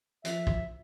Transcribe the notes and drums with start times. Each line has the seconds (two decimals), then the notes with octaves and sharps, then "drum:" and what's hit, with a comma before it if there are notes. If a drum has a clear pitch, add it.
0.25 F3 E5, drum: hi-hat
0.47 drum: kick